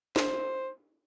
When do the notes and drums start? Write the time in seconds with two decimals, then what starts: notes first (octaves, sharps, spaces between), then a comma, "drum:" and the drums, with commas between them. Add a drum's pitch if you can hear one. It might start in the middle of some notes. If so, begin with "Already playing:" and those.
0.16 C5, drum: snare